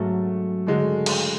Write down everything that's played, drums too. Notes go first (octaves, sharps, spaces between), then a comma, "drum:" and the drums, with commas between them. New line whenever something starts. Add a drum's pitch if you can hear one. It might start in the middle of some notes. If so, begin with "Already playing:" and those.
Already playing: G#2 F#3 A3 C#4 F#4 A4
D3 G#3 A3 C#4 F#4 A4
drum: cymbal